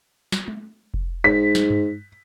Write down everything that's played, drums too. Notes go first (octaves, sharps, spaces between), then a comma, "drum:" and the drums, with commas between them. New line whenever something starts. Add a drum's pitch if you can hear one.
drum: snare
drum: tom
drum: kick F1
G#2 B6
drum: snare
drum: tom G2